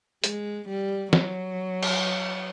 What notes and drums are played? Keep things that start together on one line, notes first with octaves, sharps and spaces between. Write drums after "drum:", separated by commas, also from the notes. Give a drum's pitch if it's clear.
G#3, drum: hi-hat
G3
F#3, drum: snare
drum: cymbal